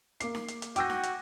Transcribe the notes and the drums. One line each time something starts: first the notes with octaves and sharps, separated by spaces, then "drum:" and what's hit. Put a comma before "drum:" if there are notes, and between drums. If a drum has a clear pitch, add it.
A#3 D6 C7, drum: hi-hat
drum: snare D#4
drum: hi-hat
drum: hi-hat
F#4 G5 G#5 D6 E6 G6 A#6, drum: hi-hat
drum: snare D#4
drum: hi-hat